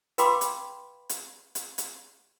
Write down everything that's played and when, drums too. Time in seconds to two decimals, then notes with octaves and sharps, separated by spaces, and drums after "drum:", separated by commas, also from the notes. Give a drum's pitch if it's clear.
0.18 B4 F5 G5 B5 C6 D6, drum: hi-hat
0.41 drum: hi-hat
1.09 drum: hi-hat
1.55 drum: hi-hat
1.78 drum: hi-hat